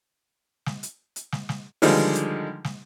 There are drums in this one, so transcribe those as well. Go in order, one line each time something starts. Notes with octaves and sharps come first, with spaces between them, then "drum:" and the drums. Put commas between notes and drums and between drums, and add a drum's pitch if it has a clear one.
drum: snare
drum: hi-hat
drum: hi-hat
drum: snare
drum: snare
D3 D#3 F3 G3 G#3, drum: open hi-hat
drum: hi-hat
drum: snare